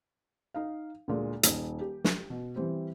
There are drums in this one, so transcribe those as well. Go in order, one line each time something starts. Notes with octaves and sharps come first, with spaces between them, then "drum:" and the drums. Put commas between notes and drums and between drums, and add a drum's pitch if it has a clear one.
D#4 F5
D2 A#2 G#3
D#1 D#4, drum: hi-hat
G4
drum: snare
B2
E3 G3 C4